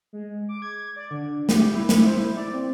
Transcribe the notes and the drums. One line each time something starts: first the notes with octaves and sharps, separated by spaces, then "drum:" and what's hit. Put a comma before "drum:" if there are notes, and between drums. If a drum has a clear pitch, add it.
G#3
D6
G#6
D5
D3
G4, drum: snare
E4
drum: snare
C5
E4
D5
C4